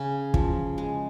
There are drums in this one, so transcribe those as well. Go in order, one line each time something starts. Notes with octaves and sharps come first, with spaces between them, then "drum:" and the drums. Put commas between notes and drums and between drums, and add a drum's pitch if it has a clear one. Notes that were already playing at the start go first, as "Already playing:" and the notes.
Already playing: C#3
F3, drum: kick
G#3